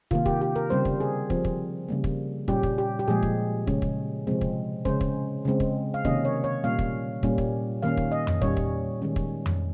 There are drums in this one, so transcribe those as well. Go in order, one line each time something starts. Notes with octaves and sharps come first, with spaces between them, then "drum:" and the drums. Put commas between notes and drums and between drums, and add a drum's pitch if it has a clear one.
C3 D#3 A#3 F4, drum: kick
G4, drum: kick
G4
A#4
C#3 G3 C4 C5
drum: kick
G#4
F3 C4, drum: kick
drum: kick
C#3 G3 A#3
drum: kick
A#2 G3 C#4 G4, drum: kick
drum: kick
G4
G4
A#2 F3 G#3 G#4
drum: kick
C#3 G#3 C#4, drum: kick
drum: kick
C3 F3 G#3 C4
drum: kick
C#3 G#3 C#4 C5, drum: kick
drum: kick
C#3 G#3 C4
drum: kick
F5
C3 D#3 A#3 C#4 D#5, drum: kick
C#5
C#5
A#2 G3 A#3 C#4 F5
drum: kick
A#2 G3 A#3 C#4, drum: kick
drum: kick
D#3 A#3 C#4 F5
drum: kick
D#5
drum: tom F2
A#2 G3 C#4 C#5, drum: kick
drum: kick
D#3 G#3 C#4
drum: kick
drum: tom F2